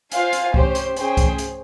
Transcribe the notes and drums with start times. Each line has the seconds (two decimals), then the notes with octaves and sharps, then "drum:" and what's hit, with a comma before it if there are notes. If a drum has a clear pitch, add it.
0.12 F4 C5 F5 G#5, drum: hi-hat
0.33 drum: hi-hat
0.54 C#4 G4 C5, drum: kick C2
0.75 drum: hi-hat
0.96 C#4 G#4 C5 G5, drum: hi-hat
1.17 drum: kick C2, hi-hat
1.38 drum: hi-hat